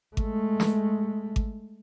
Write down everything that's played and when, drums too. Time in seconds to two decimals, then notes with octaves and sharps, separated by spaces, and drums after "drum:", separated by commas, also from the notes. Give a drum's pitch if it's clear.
0.17 G#3 A3, drum: kick G#1
0.60 drum: snare
1.36 drum: kick G#1